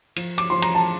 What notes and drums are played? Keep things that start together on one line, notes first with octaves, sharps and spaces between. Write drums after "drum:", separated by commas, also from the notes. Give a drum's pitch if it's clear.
F3, drum: cymbal
D6, drum: cymbal
F3 C6
A#5, drum: cymbal
A5